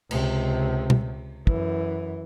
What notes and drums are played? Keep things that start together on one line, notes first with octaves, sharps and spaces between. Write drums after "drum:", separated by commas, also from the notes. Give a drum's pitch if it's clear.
C#2 C3, drum: cymbal
drum: tom B2
F#2 E3, drum: kick